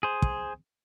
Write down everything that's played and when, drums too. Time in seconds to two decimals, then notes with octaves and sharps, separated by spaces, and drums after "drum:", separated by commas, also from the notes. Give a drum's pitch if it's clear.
0.03 G#4 C5
0.22 drum: kick